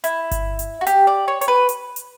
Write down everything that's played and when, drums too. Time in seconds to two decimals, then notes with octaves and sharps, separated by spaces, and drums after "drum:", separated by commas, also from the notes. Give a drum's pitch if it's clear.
0.04 E4, drum: hi-hat
0.31 drum: kick G1, hi-hat
0.59 drum: hi-hat
0.81 F#4
0.87 G4, drum: hi-hat
1.07 D5
1.28 C#5
1.41 C#5, drum: hi-hat
1.48 B4
1.69 drum: hi-hat
1.96 drum: hi-hat